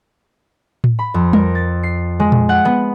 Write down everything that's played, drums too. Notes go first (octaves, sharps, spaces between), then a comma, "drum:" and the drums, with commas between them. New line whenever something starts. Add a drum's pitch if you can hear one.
drum: tom A2
B5
F2
A#4, drum: tom G3
A6
C7
G#3
drum: tom A#2
F#5
B3